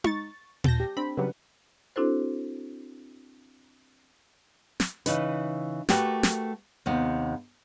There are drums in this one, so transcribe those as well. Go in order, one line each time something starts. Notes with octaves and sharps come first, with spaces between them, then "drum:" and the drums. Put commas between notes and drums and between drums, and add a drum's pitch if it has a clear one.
C#6 A6, drum: tom D#4
A5 G6 A#6, drum: tom A#2
G4
C4 D4 B5
C#3 F#3 G3 B4 F#5
C4 D4 E4 F#4 A4 C5
drum: snare
C#3 E3 D#4 B4, drum: hi-hat
A3 F#4 G4 A#4 B4, drum: snare
drum: snare
D#2 C3 B3